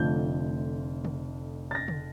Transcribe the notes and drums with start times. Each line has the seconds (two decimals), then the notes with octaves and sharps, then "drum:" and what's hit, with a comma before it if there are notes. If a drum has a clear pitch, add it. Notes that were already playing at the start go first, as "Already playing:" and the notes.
Already playing: F1 F2 D3 F3 A3 G6
1.05 drum: tom C#3
1.71 A6
1.75 A#6
1.88 drum: tom C#3